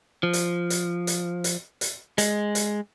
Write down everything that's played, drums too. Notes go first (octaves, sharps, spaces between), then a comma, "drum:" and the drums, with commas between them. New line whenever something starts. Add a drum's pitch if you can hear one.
F3
drum: hi-hat
drum: hi-hat
drum: hi-hat
drum: hi-hat
drum: hi-hat
G#3, drum: hi-hat
drum: hi-hat